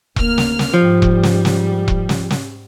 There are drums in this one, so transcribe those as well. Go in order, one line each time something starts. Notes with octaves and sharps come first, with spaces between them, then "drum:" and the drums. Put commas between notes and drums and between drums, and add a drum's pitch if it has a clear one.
D2 A#3 F6, drum: kick E1
drum: snare
drum: snare
G#2 F3 G3
drum: kick E1
drum: snare
drum: snare
drum: kick E1
drum: snare
drum: snare